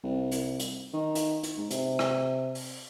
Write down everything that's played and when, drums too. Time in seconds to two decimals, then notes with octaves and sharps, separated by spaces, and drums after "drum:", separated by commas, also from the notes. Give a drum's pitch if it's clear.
0.04 C2
0.32 drum: hi-hat
0.59 drum: hi-hat
0.93 D#3
1.15 drum: hi-hat
1.43 drum: hi-hat
1.57 G#2
1.71 C3, drum: hi-hat
1.99 drum: rim click
2.55 drum: open hi-hat